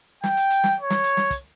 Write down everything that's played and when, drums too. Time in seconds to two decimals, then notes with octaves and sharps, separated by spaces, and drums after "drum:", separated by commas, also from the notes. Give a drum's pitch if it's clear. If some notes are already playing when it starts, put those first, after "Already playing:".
0.24 G5, drum: snare
0.37 drum: hi-hat
0.50 drum: hi-hat
0.64 drum: snare
0.81 C#5
0.90 drum: snare
1.04 drum: hi-hat
1.17 drum: snare
1.30 drum: kick, hi-hat